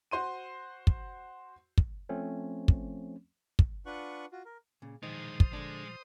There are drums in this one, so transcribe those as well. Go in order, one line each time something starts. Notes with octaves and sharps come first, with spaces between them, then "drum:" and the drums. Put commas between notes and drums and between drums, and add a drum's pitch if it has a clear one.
F#4 C5 C6 D#7
drum: kick
drum: kick
F3 A3 C4 C#4
drum: kick
drum: kick
D4 F4 B4 F#5 C#6 F#6
F4 F#4
A#4
A#2 C#3
B1 A#2 D#3 F3 G#3 D#4 C5 D#6
drum: kick
D3 G#3 D4